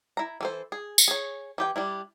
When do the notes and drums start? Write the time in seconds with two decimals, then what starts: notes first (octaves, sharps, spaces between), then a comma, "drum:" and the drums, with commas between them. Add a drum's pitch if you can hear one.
0.17 E4 A#5
0.41 E3 A4 C5
0.72 G#4
0.98 drum: tambourine
1.08 G#4 C#5
1.58 E3 G4 G5
1.76 G3 D4 E4